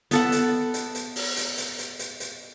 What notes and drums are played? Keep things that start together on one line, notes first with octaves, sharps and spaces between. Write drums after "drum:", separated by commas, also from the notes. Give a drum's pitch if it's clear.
B3 A4 F#5, drum: hi-hat
drum: hi-hat
drum: hi-hat
drum: hi-hat
drum: open hi-hat
drum: hi-hat
drum: hi-hat
drum: hi-hat
drum: hi-hat
drum: hi-hat